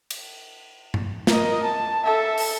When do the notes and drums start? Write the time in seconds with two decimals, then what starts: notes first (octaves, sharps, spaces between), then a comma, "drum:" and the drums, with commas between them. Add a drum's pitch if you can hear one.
0.10 drum: cymbal
0.94 drum: tom G2
1.27 A#4 D#5, drum: snare
1.63 A5
2.05 A4 E5
2.38 drum: open hi-hat